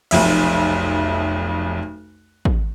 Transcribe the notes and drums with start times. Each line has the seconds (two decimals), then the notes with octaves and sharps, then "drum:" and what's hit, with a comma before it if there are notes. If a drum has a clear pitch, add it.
0.11 F1 B1 F2 E5, drum: cymbal
2.45 drum: kick